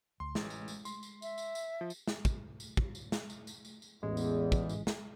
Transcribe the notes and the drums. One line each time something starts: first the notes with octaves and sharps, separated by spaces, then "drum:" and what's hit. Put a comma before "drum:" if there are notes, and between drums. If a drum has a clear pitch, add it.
D2 C6
A1 G#3, drum: snare
drum: tambourine
drum: tambourine
C6, drum: tambourine
drum: tambourine
E5, drum: tambourine
drum: tambourine
drum: tambourine
F3
drum: tambourine
drum: snare
drum: kick, tambourine
drum: tambourine
drum: kick
drum: tambourine
drum: snare
drum: tambourine
drum: tambourine
drum: tambourine
drum: tambourine
A1 E2 G#3
drum: tambourine
drum: kick, tambourine
drum: tambourine
drum: snare